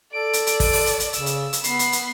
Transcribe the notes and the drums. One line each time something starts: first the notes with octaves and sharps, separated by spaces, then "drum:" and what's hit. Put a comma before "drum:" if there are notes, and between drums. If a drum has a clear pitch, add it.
A4 D5 D7
drum: hi-hat
drum: hi-hat
drum: kick, open hi-hat
drum: open hi-hat
drum: hi-hat
drum: hi-hat
C#3 E6, drum: hi-hat
drum: hi-hat
drum: hi-hat
B3 B5 C7, drum: hi-hat
drum: hi-hat
drum: hi-hat